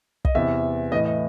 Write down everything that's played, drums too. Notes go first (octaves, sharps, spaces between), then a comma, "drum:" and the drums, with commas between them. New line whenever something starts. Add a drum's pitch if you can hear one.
D#5, drum: kick
E2 C3 E3 E5
A2 E3 D#5
D#5